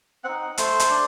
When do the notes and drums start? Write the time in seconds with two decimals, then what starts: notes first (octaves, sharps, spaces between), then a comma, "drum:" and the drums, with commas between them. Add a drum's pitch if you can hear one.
0.24 C4 D#4 F#5
0.58 A3 C5, drum: hi-hat
0.80 drum: hi-hat
0.90 D4